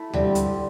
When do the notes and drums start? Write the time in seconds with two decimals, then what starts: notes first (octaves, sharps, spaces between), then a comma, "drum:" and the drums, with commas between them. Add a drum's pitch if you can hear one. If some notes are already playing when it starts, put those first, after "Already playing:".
Already playing: A3 E4 A4
0.13 D3 G3 C4 G4, drum: tom D2
0.35 drum: hi-hat